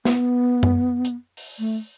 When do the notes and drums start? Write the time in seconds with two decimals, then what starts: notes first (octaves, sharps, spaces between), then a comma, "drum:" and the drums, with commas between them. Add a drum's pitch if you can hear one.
0.05 B3, drum: snare
0.63 drum: tom F#2
1.05 drum: hi-hat
1.37 drum: open hi-hat
1.59 A3